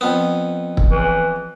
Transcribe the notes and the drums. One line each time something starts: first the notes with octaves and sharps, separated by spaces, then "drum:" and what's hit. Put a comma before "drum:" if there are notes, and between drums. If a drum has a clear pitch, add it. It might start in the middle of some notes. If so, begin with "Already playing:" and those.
F2 B3
drum: kick
E3